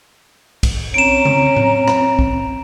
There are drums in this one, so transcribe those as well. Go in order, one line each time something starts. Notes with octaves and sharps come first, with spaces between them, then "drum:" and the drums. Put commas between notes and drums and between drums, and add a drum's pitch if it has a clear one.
drum: kick B1, cymbal
C4 C#4 A#5 D7 E7
drum: tom C#3
drum: tom A2
drum: rim click
drum: kick B1